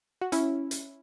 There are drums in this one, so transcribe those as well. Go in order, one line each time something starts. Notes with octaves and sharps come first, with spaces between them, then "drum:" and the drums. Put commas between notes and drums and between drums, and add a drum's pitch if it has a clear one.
F#4
C#4 E4, drum: hi-hat
drum: hi-hat